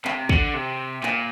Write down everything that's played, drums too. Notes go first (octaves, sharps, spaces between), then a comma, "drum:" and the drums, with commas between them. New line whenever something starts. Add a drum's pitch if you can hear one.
C3, drum: clap
D3, drum: kick
C3
A#2, drum: clap